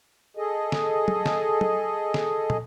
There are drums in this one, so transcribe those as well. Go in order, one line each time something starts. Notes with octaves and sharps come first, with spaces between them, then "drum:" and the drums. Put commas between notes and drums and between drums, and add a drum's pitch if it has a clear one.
G#4 A4 D#5
drum: snare
drum: tom
drum: snare
drum: tom
drum: snare
drum: tom